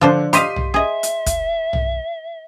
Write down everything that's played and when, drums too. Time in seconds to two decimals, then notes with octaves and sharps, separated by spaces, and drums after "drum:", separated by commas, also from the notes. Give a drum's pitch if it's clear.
0.01 D3 F3 D4 C5
0.33 G4 D#5 F5 C6 B6 D#7, drum: hi-hat
0.56 drum: tom B1
0.74 G#4 D#5 E5
1.03 drum: hi-hat
1.26 drum: kick, hi-hat
1.73 drum: tom B1